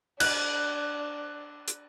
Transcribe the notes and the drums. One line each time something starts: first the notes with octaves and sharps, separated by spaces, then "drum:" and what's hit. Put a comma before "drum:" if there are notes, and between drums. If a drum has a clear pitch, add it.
D4 F#6, drum: cymbal
drum: hi-hat